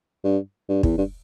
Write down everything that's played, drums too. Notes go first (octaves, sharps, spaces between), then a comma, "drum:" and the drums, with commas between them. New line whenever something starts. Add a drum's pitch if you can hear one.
G2
G2
E2, drum: kick
G2